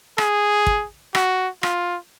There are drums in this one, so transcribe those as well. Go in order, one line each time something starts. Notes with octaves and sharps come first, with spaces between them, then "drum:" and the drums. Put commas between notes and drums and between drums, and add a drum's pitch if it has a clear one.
G#4, drum: rim click
drum: kick
F#4, drum: rim click
F4, drum: rim click